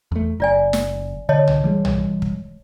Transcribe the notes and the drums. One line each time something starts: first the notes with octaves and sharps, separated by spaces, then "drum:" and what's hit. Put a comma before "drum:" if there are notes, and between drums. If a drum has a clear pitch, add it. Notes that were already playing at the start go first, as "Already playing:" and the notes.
E2 A3
F#1 F4 D5 G#5
drum: snare
D3 C#5 D#5 A5
drum: tom B1
E3 G3 G#3
drum: tom B1
drum: kick